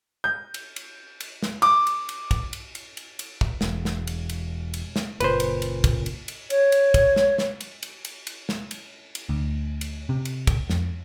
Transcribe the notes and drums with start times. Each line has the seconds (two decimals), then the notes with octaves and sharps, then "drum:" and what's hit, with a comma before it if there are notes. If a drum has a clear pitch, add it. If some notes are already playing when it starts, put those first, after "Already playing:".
0.24 G6
0.54 drum: cymbal
0.76 drum: cymbal
1.20 drum: cymbal
1.43 drum: snare
1.62 D6, drum: cymbal
1.87 drum: cymbal
2.09 drum: cymbal
2.31 drum: kick, cymbal
2.53 drum: cymbal
2.75 drum: cymbal
2.97 drum: cymbal
3.19 drum: cymbal
3.41 drum: kick
3.61 E1, drum: snare
3.85 drum: snare
4.07 drum: cymbal
4.29 drum: cymbal
4.74 drum: cymbal
4.96 drum: snare
5.20 F#1 A#2 B4 C5, drum: cymbal
5.40 drum: cymbal
5.62 drum: cymbal
5.84 drum: kick, cymbal
6.06 drum: cymbal
6.28 drum: cymbal
6.50 C#5, drum: cymbal
6.72 drum: cymbal
6.94 drum: kick, cymbal
7.16 drum: snare
7.38 drum: snare
7.61 drum: cymbal
7.83 drum: cymbal
8.05 drum: cymbal
8.27 drum: cymbal
8.49 drum: snare
8.71 drum: cymbal
9.15 drum: cymbal
9.29 D2
9.81 drum: cymbal
10.09 C3
10.25 drum: cymbal
10.47 drum: kick, cymbal
10.69 F2, drum: snare